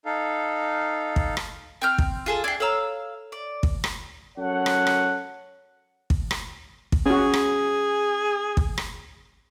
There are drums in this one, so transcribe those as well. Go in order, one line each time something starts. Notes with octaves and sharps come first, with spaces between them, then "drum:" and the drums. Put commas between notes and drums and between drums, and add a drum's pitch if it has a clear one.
D#4 A4 F5
drum: kick
drum: rim click
C4 G5 F6 G6 F7
drum: kick
F4 G#4 A4
D4 G5 G#6 C7
A4 C#5 F5 A#5 E6
D5
drum: kick
drum: rim click
F#2 A4 C#5 F#5
drum: rim click
drum: rim click
drum: kick
drum: rim click
drum: kick
C#4 F#4 G#4
drum: rim click
drum: kick
drum: rim click